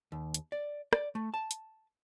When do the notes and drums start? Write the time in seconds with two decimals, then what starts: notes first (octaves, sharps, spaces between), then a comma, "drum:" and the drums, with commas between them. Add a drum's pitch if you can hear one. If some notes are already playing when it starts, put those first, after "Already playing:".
0.12 D#2
0.34 drum: hi-hat
0.52 D5
0.93 D5, drum: rim click
1.15 A3
1.34 A5
1.51 drum: hi-hat